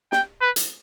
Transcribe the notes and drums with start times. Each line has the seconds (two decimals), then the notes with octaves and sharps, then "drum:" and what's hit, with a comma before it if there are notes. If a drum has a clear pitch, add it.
0.12 G5, drum: snare
0.41 B4
0.56 drum: hi-hat